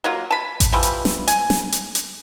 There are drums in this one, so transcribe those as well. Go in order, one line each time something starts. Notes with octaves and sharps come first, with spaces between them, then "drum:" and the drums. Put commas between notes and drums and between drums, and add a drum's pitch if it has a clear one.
F#3 A#3 F4
A5 B5
drum: kick A1, hi-hat
E3 F3 G3
drum: hi-hat
drum: snare
G#5, drum: hi-hat
drum: snare
drum: hi-hat
drum: hi-hat